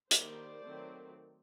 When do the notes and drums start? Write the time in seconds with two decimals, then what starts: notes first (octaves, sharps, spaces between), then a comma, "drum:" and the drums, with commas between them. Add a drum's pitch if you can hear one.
0.11 D#3 G3 A#3 C5 D5, drum: hi-hat
0.65 D#3 F#3 A3 C4